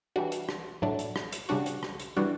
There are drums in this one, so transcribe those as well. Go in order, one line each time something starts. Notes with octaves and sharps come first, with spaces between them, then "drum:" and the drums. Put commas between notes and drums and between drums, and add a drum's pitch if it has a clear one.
E3 G3 D4 F#4
drum: hi-hat
drum: rim click
A2 F#3 A3 D4
drum: hi-hat
drum: rim click
drum: hi-hat
C#3 G3 D4 F#4
drum: hi-hat
drum: rim click
drum: hi-hat
E3 G3 D4 F#4